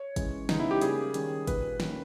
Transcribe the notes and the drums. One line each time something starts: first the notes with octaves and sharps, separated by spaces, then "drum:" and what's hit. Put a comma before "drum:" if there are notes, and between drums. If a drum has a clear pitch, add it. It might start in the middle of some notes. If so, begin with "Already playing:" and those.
Already playing: C#5
E3 G#3 C#4, drum: kick, hi-hat
C#3 G#3 B3 D#4, drum: snare
E4
G4
C#3 G3 A#3 G#4, drum: hi-hat
D#3 G3 C#4, drum: hi-hat
A#2 G3 A#3 B4, drum: kick, hi-hat
D#3 A#3 C#4, drum: snare